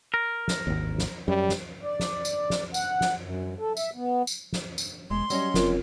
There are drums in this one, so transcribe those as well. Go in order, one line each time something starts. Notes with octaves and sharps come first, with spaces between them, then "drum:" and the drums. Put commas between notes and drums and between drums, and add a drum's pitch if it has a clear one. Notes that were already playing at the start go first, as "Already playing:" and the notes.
A#4
drum: snare
G#1 D#2
drum: snare
F#2 G3
drum: snare
D5
drum: snare
drum: tambourine
drum: snare
F#5, drum: tambourine
drum: snare
F#2
A4
E5, drum: tambourine
B3
drum: tambourine
drum: snare
drum: tambourine
E1 G#3 C6
F#3 G3 C#4 D#5, drum: tambourine
F#1 C4 F4 A#4, drum: snare